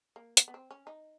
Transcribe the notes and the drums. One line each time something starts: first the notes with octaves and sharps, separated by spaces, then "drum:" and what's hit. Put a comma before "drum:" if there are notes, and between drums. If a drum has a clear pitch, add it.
A#3
B3, drum: hi-hat
B3
C4
C#4
D#4